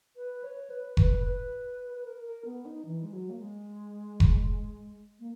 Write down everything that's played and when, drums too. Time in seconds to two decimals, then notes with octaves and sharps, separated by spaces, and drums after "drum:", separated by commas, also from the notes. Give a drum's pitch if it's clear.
0.17 B4
0.44 C#5
0.70 B4
0.97 B4, drum: kick F1
1.25 B4
1.95 B4
2.05 A#4
2.25 A#4
2.45 B3
2.65 D#4
2.86 E3
3.03 G#3
3.13 F#3
3.30 A#3
3.39 G#3
4.20 drum: kick F1
5.20 A#3